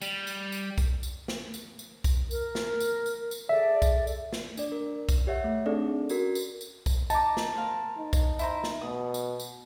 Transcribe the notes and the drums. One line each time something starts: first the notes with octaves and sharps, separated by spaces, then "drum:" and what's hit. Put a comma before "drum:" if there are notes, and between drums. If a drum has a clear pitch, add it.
G3, drum: tambourine
drum: tambourine
drum: tambourine
drum: kick B1, tambourine
drum: tambourine
drum: snare
drum: tambourine
drum: tambourine
drum: kick B1, tambourine
A#4, drum: tambourine
drum: snare
drum: tambourine
drum: tambourine
drum: tambourine
G#4 A4 D5 E5
drum: kick B1, tambourine
drum: tambourine
drum: snare
D4 D5, drum: tambourine
A#4
drum: kick B1, tambourine
G4 C#5 E5 F#5
A3
C4 D4 D#4 G#4 A4 D5
C#4 F#4 A#4, drum: tambourine
drum: tambourine
drum: tambourine
drum: kick B1, tambourine
D#4 A5 A#5 D6, drum: tambourine
drum: snare
A#4 C5 F5
D#4
drum: kick B1, tambourine
E4 C5 A#5, drum: tambourine
drum: snare
B2 D#6
drum: tambourine
drum: tambourine